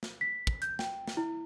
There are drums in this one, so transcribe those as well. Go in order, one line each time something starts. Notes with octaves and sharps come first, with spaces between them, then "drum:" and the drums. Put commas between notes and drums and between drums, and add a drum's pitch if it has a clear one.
drum: snare
B6
drum: kick
G6, drum: hi-hat
G5, drum: snare
drum: snare
E4